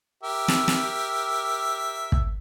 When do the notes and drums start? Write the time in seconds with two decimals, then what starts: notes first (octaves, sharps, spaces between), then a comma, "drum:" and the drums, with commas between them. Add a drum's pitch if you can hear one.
0.23 G4 A#4 E5
0.48 drum: snare
0.68 drum: snare
2.12 drum: kick